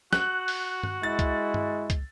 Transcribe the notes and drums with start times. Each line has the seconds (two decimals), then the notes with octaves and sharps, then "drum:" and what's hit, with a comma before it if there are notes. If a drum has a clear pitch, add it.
0.13 F#4 F#6, drum: snare
0.48 drum: open hi-hat
0.83 drum: tom G2
1.03 G#3 E4 A6
1.19 drum: kick, hi-hat
1.54 drum: tom G2
1.90 drum: kick, hi-hat